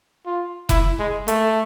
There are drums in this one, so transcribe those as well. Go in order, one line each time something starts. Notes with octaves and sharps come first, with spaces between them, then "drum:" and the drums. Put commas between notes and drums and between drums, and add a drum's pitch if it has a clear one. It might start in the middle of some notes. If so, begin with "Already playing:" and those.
F4
E4, drum: kick F1, hi-hat
G#3
A3, drum: hi-hat